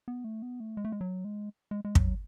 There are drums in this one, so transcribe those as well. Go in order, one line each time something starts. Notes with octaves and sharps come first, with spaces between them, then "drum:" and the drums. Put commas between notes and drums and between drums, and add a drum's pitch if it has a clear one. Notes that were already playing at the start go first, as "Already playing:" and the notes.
B3
A3
B3
A3
G#3
A3
G#3
F#3
G#3
G#3
G#3
F#3, drum: kick